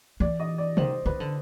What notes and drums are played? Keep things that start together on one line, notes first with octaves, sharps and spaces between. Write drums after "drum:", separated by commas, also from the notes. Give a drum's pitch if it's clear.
E3 D5
D#5
D5
D#3 C5, drum: tom C3
D#3 B4
D3